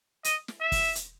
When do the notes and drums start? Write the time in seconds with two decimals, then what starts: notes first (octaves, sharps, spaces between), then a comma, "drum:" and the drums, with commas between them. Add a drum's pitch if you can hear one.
0.24 D#5, drum: hi-hat
0.48 drum: snare
0.60 E5
0.72 drum: kick, open hi-hat
0.95 drum: hi-hat